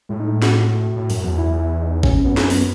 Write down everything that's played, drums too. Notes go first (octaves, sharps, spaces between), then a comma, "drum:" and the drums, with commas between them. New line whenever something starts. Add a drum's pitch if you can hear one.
A2 G#3
D#4
F#4, drum: snare
F#4
A2
F#2, drum: open hi-hat
E2
E4
E4
D#4
C#4, drum: kick G#1
F#2 B3
C#4, drum: snare
B3, drum: open hi-hat